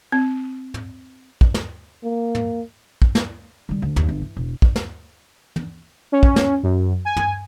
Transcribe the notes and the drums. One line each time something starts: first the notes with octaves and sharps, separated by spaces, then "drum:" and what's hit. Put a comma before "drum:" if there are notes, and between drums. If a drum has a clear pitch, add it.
C4
drum: tom
drum: kick
drum: snare
A#3
drum: tom
drum: kick
drum: snare
D#3 G3
D2
D#2, drum: tom
G1
E3
E1
drum: kick
drum: snare
drum: tom
C#4
drum: kick
drum: snare
F#2
G#5
drum: tom